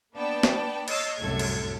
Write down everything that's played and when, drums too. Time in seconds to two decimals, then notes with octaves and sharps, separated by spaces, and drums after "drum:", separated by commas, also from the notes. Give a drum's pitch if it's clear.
0.14 A#3 B3 D4 D5 G5 A5
0.43 drum: snare
0.88 C#5 D#5 E6 A6 C7, drum: cymbal
1.19 C2 F#2 A2 A4 G#6
1.39 drum: cymbal